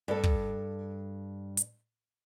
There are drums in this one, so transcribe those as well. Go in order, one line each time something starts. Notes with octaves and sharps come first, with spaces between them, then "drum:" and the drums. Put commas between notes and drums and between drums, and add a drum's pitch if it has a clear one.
G2 A4
drum: kick
drum: hi-hat